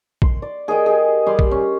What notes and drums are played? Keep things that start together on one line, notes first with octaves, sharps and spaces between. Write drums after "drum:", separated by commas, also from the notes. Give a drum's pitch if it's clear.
C6, drum: kick A#1
D5
G#4 A#4 D#5 G5
G4 G#4
G3 C6 D6
drum: kick A#1
C#4